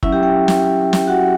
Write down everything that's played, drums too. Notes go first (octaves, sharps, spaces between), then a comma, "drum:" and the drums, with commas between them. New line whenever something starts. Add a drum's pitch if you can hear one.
F#3 C#4 E4 E5, drum: kick
G4 G5
G4 G5
drum: snare
G4 G5, drum: snare
F#4 F#5